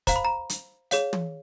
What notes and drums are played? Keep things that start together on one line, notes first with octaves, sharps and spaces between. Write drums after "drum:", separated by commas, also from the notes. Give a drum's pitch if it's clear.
C5 F5 A#5, drum: kick, hi-hat
B5
A#5
drum: hi-hat
G#4 C#5 F5, drum: hi-hat
drum: tom